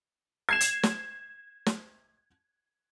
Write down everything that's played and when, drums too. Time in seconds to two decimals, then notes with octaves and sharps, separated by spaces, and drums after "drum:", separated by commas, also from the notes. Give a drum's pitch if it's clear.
0.49 G#6 C7 E7
0.61 drum: hi-hat
0.83 drum: snare
1.66 drum: snare